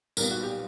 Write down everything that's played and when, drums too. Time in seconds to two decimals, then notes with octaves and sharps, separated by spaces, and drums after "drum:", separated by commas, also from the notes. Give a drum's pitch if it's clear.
0.17 B1 A#2 G3 B3 A#4, drum: tambourine
0.31 F#4
0.43 G4